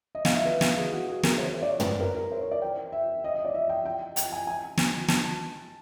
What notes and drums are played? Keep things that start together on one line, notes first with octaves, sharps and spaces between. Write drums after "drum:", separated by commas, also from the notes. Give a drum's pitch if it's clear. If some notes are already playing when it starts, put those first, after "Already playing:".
D#5
F5, drum: snare
E5
B4
drum: snare
G#4
F#4
G#4
A#4, drum: snare
C5
C5
D5
C#5
B4, drum: tom
B4
A#4
A#4
C5
C#5
D5
G5
E5
D#5
D#5
D5
E5
G5
G5
G5, drum: hi-hat
G#5
G#5
drum: snare
A5, drum: snare